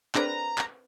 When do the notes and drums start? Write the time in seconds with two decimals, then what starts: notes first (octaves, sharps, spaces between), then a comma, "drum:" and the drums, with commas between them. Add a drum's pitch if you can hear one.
0.15 C4 D4 G#4 A#4 B4 D5 A#5, drum: clap
0.58 drum: clap